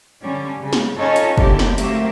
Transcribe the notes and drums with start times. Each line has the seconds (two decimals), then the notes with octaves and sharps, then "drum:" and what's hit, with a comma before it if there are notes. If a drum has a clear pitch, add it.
0.22 D3 G3 C#4
0.59 C#3
0.73 drum: snare
0.97 C#4 D#4 F4 A4 C#5 D#5
1.16 drum: hi-hat
1.38 D#2 D3 C4 E4 G4, drum: kick
1.59 drum: snare
1.78 F#3 A3 A#3 C4 G4 E5, drum: hi-hat